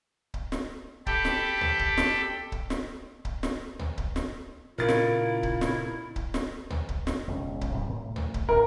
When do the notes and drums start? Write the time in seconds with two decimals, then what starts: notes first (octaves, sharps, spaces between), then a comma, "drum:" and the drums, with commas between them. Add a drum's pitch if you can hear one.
0.34 drum: kick C#1
0.52 drum: snare
1.07 G4 A4 G5 A5 B5, drum: kick C#1
1.25 drum: snare
1.61 drum: tom
1.79 drum: kick C#1
1.97 drum: snare
2.52 drum: kick C#1
2.70 drum: snare
3.25 drum: kick C#1
3.43 drum: snare
3.79 drum: tom
3.98 drum: kick C#1
4.16 drum: snare
4.78 A#2 C#3 E4 F4 A#4 A6
4.88 drum: snare
5.43 drum: kick C#1
5.61 drum: snare
6.16 drum: kick C#1
6.34 drum: snare
6.70 drum: tom
6.89 drum: kick C#1
7.07 drum: snare
7.27 E1 C#2 C#4
7.61 drum: kick C#1
7.73 G#2 C3 G3
7.89 A2
8.16 drum: tom
8.34 drum: kick C#1
8.49 A1 A#4